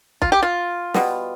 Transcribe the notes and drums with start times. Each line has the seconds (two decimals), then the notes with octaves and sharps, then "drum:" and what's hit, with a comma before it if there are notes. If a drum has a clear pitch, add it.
0.22 F4, drum: kick
0.32 G4
0.43 F4
0.94 B2 G3 B3, drum: snare